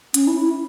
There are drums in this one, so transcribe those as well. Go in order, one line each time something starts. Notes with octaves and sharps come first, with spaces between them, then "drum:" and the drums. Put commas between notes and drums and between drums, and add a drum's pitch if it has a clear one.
C#4, drum: hi-hat
E4
E4